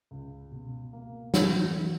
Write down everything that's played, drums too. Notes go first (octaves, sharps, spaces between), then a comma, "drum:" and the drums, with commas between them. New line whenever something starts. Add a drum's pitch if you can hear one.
C#2
B2
A#3
E2, drum: snare